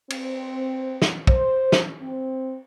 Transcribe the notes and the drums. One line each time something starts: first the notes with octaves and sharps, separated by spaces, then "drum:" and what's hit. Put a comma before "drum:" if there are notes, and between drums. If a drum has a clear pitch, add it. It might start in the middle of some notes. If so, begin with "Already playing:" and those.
C4, drum: cymbal
drum: snare
C5, drum: kick
drum: snare
C4